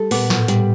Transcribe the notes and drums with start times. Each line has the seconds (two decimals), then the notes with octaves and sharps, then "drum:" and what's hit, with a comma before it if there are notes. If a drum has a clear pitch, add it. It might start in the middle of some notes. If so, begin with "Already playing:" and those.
Already playing: G3 A4
0.11 A#2 B3, drum: open hi-hat
0.30 A2, drum: snare
0.48 A2 G3, drum: hi-hat